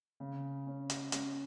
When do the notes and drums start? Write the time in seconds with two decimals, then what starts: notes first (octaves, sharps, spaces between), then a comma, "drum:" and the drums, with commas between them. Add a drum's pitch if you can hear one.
0.20 C#3
0.67 C#4
0.90 drum: hi-hat
1.12 C#4, drum: hi-hat